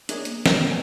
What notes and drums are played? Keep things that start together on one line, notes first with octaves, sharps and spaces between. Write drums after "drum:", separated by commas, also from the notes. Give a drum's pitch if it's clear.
D4 G#4 A#4 C#5 D#5, drum: hi-hat
A#3, drum: hi-hat
F3 G3 B3 D4 A#4 B4, drum: snare
A3 B3 C#4 D4 F#5